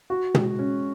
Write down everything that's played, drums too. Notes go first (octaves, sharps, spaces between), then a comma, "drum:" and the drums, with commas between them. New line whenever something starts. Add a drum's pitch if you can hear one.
F#4
G#3, drum: tom
C#4